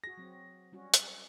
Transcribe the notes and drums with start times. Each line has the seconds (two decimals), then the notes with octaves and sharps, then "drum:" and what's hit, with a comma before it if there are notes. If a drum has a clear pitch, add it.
0.04 F#4 G#4 A#6
0.17 F#3 C4
0.72 G3 C#4 F#4
0.94 drum: hi-hat